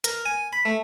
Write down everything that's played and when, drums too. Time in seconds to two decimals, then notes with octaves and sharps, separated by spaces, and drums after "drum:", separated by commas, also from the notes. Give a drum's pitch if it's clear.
0.04 A#4, drum: hi-hat
0.26 G#5
0.53 B5
0.65 A3